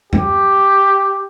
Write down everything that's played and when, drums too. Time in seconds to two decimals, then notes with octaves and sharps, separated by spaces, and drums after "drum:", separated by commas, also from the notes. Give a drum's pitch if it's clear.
0.13 G4, drum: tom F#2